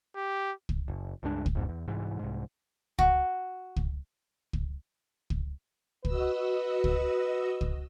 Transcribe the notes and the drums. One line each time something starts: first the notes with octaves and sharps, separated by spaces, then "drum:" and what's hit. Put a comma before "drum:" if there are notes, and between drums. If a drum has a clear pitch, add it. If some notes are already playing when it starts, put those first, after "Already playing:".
G4
drum: kick
F#1
C#2 G2 G#3 D4
drum: kick
F2 G#2 B2
E2
C2 G#2 E3
C2 G#2
F#4, drum: kick
drum: kick
drum: kick
drum: kick
F#4 B4 D#5 E6, drum: kick
drum: kick
drum: kick